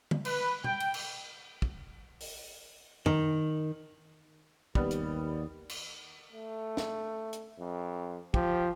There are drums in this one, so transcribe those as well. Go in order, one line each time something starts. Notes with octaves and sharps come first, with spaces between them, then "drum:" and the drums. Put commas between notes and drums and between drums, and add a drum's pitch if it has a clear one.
drum: tom
B4, drum: cymbal
G5, drum: tom B2
drum: cymbal
drum: cymbal
drum: kick
drum: open hi-hat
D#3, drum: tom F2
D#2 G3 B3, drum: kick
drum: hi-hat
drum: cymbal
A3
drum: snare
drum: hi-hat
F2
F3 G4, drum: kick